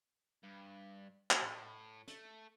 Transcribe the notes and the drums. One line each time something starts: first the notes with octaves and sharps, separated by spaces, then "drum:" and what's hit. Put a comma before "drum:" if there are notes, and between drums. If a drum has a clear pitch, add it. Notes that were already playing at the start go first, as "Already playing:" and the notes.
G2
drum: clap
A2
A3, drum: hi-hat